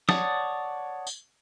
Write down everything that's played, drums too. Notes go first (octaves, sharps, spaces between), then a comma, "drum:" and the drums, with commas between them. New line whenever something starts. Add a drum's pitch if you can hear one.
C#5 D5 F#5 A5 D#6, drum: snare
drum: tambourine